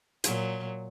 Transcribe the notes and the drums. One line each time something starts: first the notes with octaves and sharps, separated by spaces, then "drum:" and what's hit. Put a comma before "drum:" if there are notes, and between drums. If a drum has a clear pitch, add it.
A#2 F#3, drum: hi-hat